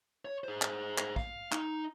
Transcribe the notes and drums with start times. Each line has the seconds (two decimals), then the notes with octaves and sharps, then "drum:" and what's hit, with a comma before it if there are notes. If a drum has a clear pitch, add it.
0.25 C#5
0.44 G#4 C5
0.62 drum: clap
0.98 drum: clap
1.16 F5, drum: kick A#1
1.52 D#4, drum: clap